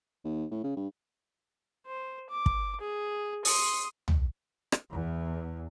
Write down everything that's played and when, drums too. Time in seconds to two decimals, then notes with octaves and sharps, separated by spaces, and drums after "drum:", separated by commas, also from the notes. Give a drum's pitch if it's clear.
0.24 D#2
0.51 A2
0.63 C#3
0.76 G2
1.86 C5
2.30 D6
2.46 drum: kick
2.81 G#4
3.45 C6 D#6, drum: open hi-hat
4.08 drum: tom
4.72 drum: rim click
4.93 E2